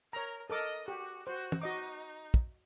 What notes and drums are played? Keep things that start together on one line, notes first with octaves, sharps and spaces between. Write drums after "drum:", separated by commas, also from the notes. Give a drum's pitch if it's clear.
A#4 C#5 A#5
A4 A#4 D#5 D6
F#4 G4
F#4 C5
drum: tom
D#4 F#4 D#5 D6
drum: kick